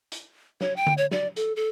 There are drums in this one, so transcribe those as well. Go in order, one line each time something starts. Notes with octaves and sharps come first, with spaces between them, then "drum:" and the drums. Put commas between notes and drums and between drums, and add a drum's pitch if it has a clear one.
drum: hi-hat
C#5, drum: snare
G5
drum: tom D3
C#5
D5, drum: snare
A4, drum: hi-hat
A4